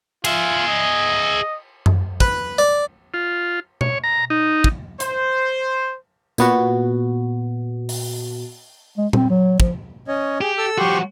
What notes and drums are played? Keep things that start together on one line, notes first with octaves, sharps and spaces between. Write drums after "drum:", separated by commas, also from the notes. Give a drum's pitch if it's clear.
F4 G#4 E5, drum: cymbal
D#5
drum: tom F#2
B4, drum: kick
D5
F4
C#5, drum: tom B2
A#5
D#4
drum: kick
C5, drum: hi-hat
A#2 B3 F#4, drum: tambourine
drum: open hi-hat
G#3
C4, drum: tom A#2
F#3
F3, drum: kick
C#4 C#5 D#5
G4 G#4
A4 E6
F3 F#4 G4 C6 C#6